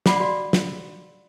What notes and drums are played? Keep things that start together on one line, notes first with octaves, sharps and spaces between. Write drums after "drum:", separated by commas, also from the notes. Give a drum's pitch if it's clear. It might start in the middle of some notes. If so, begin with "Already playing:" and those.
D5 F#5 B5 D6, drum: snare
F#4 D5 F5
drum: snare